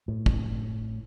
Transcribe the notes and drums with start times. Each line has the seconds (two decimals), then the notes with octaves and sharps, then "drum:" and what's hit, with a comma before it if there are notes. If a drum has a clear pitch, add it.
0.08 A2
0.26 drum: kick